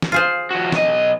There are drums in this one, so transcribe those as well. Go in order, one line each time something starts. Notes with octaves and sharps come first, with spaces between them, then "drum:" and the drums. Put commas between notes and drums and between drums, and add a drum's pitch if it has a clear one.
drum: snare
F4 G#4 C5
F3 F#4
B1 D#5, drum: snare